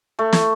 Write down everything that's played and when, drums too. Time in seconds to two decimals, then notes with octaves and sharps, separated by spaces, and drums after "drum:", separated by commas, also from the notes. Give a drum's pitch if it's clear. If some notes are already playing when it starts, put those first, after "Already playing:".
0.19 A3
0.33 drum: snare